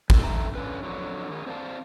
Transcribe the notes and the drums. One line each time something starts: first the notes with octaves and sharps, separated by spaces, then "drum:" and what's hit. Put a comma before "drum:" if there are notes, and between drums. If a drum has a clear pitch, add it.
G#3 C4 A4, drum: kick
A4 A#4 E5 G5 A#5
D3 C#4 B4
F2 D3 F#3
D#3 G#4
C4 C5 D5 E5 F5 A5